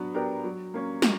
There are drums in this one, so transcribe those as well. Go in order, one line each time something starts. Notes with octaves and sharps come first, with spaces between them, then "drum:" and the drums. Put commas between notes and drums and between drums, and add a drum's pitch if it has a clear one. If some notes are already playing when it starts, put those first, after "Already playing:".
Already playing: F#3 B3 D4
B3 D4 G4 A#4
F#3
A#3 C#4
F#3, drum: snare